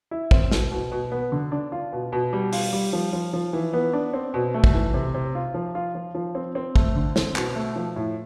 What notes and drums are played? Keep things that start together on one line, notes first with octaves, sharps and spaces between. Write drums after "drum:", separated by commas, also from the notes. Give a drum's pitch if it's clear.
E4
C4, drum: kick
B2, drum: snare
B2
B2
B3
D3
D4
F4
B2
B2
G3
F4, drum: open hi-hat
G3
F3
F3
F3
E3
B3
D4
C4
B2
A3
drum: kick
E3
C3
C3
F4
F3
F4
F3
F3
C4
C4
A3, drum: kick
D3
C4, drum: snare
B2, drum: clap
A3
F3
A2